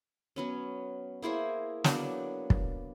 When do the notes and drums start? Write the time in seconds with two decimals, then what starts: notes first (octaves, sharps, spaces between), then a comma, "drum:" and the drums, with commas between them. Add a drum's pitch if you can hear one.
0.36 F#3 B3 C#4
1.22 A#3 E4 G#4 C5
1.84 F#3 A#3 B3 D4, drum: snare
2.50 drum: kick